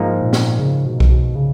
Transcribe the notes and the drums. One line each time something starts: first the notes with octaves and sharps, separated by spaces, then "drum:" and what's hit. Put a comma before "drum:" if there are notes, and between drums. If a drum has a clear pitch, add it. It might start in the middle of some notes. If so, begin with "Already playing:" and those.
Already playing: G#2 F3 A#3 D#4
A#2
drum: snare
C#3
B2
drum: kick B1
B2
C#3